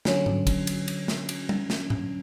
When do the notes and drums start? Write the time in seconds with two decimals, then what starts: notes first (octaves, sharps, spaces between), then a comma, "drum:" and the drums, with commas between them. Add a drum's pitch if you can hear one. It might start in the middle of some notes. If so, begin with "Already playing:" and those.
0.05 D3 F#3 C#4, drum: snare
0.26 drum: tom G#2
0.47 drum: kick, cymbal
0.67 drum: cymbal
0.88 drum: cymbal
1.08 drum: snare
1.29 drum: cymbal
1.49 drum: tom
1.70 drum: snare
1.90 drum: tom A2